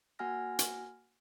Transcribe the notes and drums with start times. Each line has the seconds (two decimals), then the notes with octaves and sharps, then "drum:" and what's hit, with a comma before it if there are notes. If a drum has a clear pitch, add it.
0.19 A#3 F#4 F#5 G#5 F6 A#6
0.59 drum: hi-hat